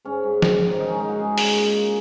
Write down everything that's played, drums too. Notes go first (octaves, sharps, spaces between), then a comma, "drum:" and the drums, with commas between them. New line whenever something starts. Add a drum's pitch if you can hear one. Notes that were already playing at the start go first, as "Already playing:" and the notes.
G#2 C#4
G#2
D#3, drum: snare
G#2
G#3 D#4
C#4
G#3 D#4
F#4
C#3 G#4
G#3, drum: open hi-hat
A#2
A#3